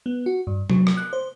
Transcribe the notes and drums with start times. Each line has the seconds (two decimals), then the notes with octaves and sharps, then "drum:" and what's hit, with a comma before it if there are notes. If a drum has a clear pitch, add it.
0.06 B3
0.26 F#4
0.47 G2
0.70 F#3, drum: tom C3
0.87 drum: rim click
0.97 F#6
1.13 C5